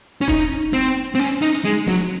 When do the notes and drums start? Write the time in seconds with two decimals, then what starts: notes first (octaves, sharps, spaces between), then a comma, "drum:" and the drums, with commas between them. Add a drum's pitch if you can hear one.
0.21 C#4
0.28 D#4, drum: kick E1
0.73 C4
1.15 C4
1.19 C#4, drum: hi-hat
1.42 D#4, drum: open hi-hat
1.65 G#3
1.87 F#3, drum: snare